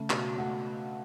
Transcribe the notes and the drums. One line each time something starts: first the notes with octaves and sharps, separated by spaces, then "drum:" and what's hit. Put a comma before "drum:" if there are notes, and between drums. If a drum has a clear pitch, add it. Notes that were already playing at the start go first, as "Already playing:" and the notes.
Already playing: C#3 A3
B2, drum: clap
A3 F#5